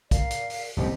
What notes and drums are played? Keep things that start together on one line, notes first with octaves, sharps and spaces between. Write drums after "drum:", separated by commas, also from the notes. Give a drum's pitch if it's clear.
A#4 D5 F5, drum: kick, hi-hat
drum: hi-hat
drum: open hi-hat
D#1 C2 G3 G4 C5 D#5